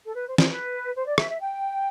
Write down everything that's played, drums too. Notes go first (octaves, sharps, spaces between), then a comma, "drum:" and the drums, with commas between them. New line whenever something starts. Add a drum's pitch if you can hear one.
A4
B4
C5
C5, drum: snare
B4
C5
D5
E5, drum: rim click
E5
G5